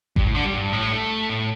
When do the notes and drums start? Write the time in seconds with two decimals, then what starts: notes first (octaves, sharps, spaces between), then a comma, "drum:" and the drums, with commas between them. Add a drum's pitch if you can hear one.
0.16 G2, drum: kick G#1
0.26 A2
0.35 D3
0.45 G3
0.54 G2
0.73 A2
0.92 A3
1.29 A2